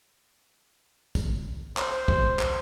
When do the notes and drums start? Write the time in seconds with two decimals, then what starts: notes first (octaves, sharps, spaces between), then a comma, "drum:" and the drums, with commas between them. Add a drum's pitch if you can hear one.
1.15 drum: kick, tambourine
1.77 C5, drum: clap
2.08 drum: kick
2.39 drum: clap